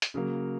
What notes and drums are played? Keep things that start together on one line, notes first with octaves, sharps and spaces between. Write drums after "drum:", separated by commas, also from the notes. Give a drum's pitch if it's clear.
drum: hi-hat
C#3 F#3 A#3